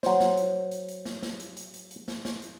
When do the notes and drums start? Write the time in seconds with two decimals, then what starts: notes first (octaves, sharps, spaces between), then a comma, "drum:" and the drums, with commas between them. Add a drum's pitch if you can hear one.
0.03 F#3 C5, drum: snare
0.20 drum: snare
0.37 drum: hi-hat
0.71 drum: hi-hat
0.88 drum: hi-hat
1.05 drum: snare
1.23 drum: snare
1.40 drum: hi-hat
1.57 drum: hi-hat
1.74 drum: hi-hat
1.91 drum: hi-hat
2.08 drum: snare
2.25 drum: snare
2.42 drum: hi-hat